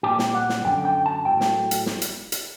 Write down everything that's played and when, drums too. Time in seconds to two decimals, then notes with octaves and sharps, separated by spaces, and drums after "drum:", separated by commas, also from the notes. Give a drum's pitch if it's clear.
0.03 A#2 G3 G4
0.19 drum: snare
0.35 F#5
0.49 drum: snare
0.65 F#2 D3 F#3 G5
0.85 G5
1.06 A5
1.25 A2 F#3 G5
1.41 drum: snare
1.71 drum: hi-hat
1.86 drum: snare
2.02 drum: hi-hat
2.32 drum: hi-hat